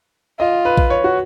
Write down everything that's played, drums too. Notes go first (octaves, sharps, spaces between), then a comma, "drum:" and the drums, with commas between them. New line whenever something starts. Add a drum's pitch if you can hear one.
F4 D#5
B4
drum: kick A#1
C#5
F#4